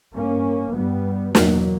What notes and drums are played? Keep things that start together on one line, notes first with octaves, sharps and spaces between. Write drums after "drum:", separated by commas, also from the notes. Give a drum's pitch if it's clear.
G2 A#3 C#4
G2 G3 B3
E2 B2 F#3 A#3, drum: snare